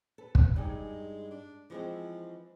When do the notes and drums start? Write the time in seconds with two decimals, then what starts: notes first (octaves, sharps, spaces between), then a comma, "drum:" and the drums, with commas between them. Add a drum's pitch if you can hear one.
0.18 A4 B4
0.35 drum: kick
0.56 G2 G#3 D#4 G#5
1.31 D4
1.70 E3 F3 G#3 C4